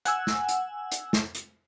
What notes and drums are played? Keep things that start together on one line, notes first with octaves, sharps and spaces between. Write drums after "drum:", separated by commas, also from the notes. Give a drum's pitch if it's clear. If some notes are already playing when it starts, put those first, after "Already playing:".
F#5 G#5 E6, drum: hi-hat
drum: snare
drum: hi-hat
drum: hi-hat
drum: snare
drum: hi-hat